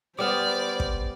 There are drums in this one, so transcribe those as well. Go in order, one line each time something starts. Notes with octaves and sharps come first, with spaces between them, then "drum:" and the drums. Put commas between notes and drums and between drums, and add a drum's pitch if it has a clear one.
G3 B3 C5 D5 D6 F6
drum: kick